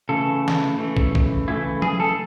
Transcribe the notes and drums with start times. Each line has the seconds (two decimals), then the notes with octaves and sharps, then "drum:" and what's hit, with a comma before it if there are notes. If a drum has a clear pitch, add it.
0.09 C#3 E3 A3 A4
0.48 drum: snare
0.78 C#3 E3 A3
0.97 drum: kick
1.15 drum: kick
1.48 C#3 E3 A3 E4
1.82 G#4, drum: tom F3
2.00 A4